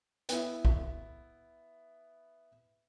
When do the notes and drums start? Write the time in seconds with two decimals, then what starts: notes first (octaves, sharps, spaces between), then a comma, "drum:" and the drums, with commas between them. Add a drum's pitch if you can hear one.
0.29 B3 E4, drum: hi-hat
0.65 drum: kick